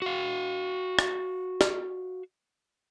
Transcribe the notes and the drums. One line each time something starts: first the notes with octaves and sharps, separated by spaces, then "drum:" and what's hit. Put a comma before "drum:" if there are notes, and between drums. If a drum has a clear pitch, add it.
F#4 F5
drum: rim click
drum: snare